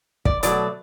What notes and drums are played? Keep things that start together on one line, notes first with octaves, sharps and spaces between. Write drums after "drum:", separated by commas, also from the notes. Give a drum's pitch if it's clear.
D5, drum: kick
B2 F#3 A3 D5, drum: hi-hat